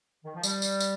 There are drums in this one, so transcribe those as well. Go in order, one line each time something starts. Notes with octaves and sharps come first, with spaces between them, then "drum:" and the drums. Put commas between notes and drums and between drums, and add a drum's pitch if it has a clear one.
D#3
F3
G3, drum: tambourine
drum: tambourine
drum: tambourine